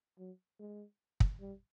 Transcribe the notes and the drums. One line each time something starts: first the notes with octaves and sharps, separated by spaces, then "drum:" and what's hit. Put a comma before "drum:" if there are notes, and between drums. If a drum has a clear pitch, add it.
F#3
G#3
drum: kick
G3